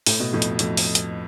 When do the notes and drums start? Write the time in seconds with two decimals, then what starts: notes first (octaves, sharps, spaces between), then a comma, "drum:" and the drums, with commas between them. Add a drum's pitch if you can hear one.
0.06 A2, drum: open hi-hat
0.20 B2
0.33 F2 A2
0.42 drum: hi-hat
0.59 F2 A2, drum: hi-hat
0.77 drum: open hi-hat
0.95 drum: hi-hat